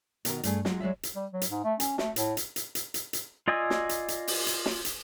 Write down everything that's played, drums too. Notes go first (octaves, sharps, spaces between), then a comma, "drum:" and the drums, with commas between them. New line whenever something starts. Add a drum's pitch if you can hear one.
B2 D#3 B3 F#4 G4 A#4, drum: hi-hat
G2 A3 G#4, drum: hi-hat
F#3 G#3 F4, drum: snare
F#3 G#3 D5 E5
drum: hi-hat
G3
F#3
drum: hi-hat
G#2
A3
C#4, drum: hi-hat
A3, drum: snare
A2, drum: hi-hat
drum: hi-hat
drum: hi-hat
drum: hi-hat
drum: hi-hat
drum: hi-hat
F4 D5 D#5 G#5 E6
drum: snare
drum: hi-hat
drum: hi-hat
drum: open hi-hat
drum: hi-hat
drum: snare
drum: hi-hat